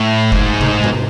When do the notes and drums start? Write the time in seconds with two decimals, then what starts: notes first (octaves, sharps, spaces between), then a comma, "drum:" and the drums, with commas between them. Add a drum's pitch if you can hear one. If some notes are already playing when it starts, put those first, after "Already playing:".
Already playing: A2
0.32 G#2, drum: kick F#1
0.61 drum: tom
0.84 drum: tom G#2